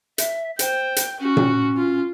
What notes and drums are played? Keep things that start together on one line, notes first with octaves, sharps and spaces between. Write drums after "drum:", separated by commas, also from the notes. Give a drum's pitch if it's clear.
E5, drum: hi-hat
C5 G5, drum: hi-hat
drum: hi-hat
C#4 F#4
drum: tom A#2
F4